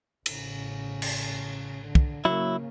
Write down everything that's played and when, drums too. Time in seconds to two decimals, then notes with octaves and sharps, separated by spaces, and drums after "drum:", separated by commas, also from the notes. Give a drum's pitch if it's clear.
0.26 A1 C#3, drum: cymbal
1.02 drum: cymbal
1.85 D3
1.95 drum: kick
2.25 C#3 F#3 A#3 E4